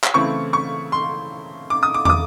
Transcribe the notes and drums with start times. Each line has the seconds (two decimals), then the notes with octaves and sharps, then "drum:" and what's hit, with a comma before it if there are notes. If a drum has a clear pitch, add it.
0.04 drum: clap
0.14 C#3 E3 A3 C4 E4 C#6
0.53 C#6
0.92 C6
1.70 D6
1.83 D#6
1.94 D6
2.05 D6, drum: tom
2.09 D#6